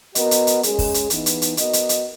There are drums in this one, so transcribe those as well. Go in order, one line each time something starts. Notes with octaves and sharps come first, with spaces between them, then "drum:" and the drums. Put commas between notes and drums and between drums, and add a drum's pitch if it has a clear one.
B3 F#4 A#4 D#5, drum: hi-hat
drum: hi-hat
drum: hi-hat
G#3 C#4 G#4, drum: hi-hat
drum: kick, open hi-hat
drum: hi-hat
E3 B3 D#4, drum: hi-hat
drum: hi-hat
drum: hi-hat
B3 F#4 A#4 D#5, drum: hi-hat
drum: hi-hat
drum: hi-hat